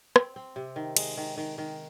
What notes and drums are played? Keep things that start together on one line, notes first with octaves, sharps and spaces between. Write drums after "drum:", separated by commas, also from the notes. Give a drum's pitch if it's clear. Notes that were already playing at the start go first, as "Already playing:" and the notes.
C4, drum: rim click
C4
C3
D#3
G#3, drum: cymbal
D#3
D#3
D#3